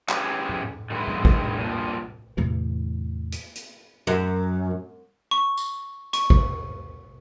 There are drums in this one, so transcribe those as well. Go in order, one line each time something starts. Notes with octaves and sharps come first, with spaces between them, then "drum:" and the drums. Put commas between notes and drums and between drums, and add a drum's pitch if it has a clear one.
C#4 E4 G4 G#4 B4 C#5, drum: clap
drum: tom A2
D3 D#3 F#3 G#3 E4 B4
drum: tom A2
drum: kick
G2 A#2 F3
E2 A2 C3 E3
drum: hi-hat
drum: hi-hat
F#2
C#6
drum: tambourine
C#6, drum: hi-hat
drum: kick